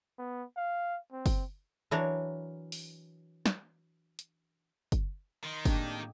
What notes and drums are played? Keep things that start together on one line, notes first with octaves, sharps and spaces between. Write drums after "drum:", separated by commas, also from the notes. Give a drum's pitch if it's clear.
B3
F5
C4
drum: kick F#1, open hi-hat
E3 F#3 D4 A#4 C#5
drum: open hi-hat
drum: snare
drum: hi-hat
drum: kick F#1, hi-hat
D#3 D#5 C6
A2 A#3 C4 D4 G4 G#4 G5, drum: kick F#1, open hi-hat